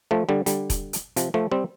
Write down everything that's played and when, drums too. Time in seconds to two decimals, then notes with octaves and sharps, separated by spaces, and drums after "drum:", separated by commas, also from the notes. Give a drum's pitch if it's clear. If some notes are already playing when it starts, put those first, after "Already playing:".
0.11 F3 A3
0.29 D3 G3
0.46 D3 G3, drum: hi-hat
0.70 drum: kick E1, hi-hat
0.93 drum: hi-hat
1.16 C3 F3, drum: hi-hat
1.34 F3 A3
1.52 G3 C4